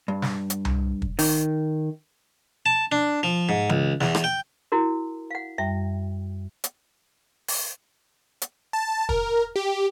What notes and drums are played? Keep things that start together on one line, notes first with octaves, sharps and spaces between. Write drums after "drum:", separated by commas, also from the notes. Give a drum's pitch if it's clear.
G2
drum: snare
drum: hi-hat
drum: tom C2
drum: kick
D#3, drum: open hi-hat
A5
D4
F3
G#2
C#2, drum: tom E3
E2, drum: snare
drum: rim click
G5
E4 F#4 A#4
F5 F#5
F#2 G3 E5 G5
drum: hi-hat
drum: open hi-hat
drum: hi-hat
A5
A#4, drum: kick
G4